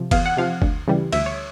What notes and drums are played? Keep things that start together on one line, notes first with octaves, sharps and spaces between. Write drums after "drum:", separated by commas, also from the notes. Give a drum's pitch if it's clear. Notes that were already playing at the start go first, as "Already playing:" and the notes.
Already playing: C3 F3
E2 F5, drum: kick F#1, cymbal
F#5
C3 F3 F5
D2, drum: kick F#1
C#3 E3 G3
D2 E5, drum: cymbal
C#5